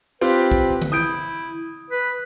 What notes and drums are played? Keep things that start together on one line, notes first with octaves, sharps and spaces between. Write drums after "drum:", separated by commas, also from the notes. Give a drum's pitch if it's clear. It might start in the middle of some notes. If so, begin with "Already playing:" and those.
C4 F4 G4 B4
drum: kick
drum: tom D3
E4 D#6 G6 D7
B4